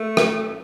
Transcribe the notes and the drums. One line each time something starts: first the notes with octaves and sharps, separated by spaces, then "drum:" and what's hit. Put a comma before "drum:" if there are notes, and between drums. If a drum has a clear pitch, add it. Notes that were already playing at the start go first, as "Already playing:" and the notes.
Already playing: A3
drum: rim click